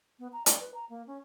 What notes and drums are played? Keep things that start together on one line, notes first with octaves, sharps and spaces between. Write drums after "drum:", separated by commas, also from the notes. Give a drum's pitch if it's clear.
B3
A#5
D5, drum: hi-hat
B4
A#5
A#3
C#4